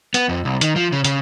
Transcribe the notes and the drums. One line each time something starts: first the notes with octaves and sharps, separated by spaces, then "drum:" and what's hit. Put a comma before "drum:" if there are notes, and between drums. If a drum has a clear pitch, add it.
B3, drum: hi-hat
F2
C2
D#3, drum: hi-hat
F3
C#3
C#3, drum: hi-hat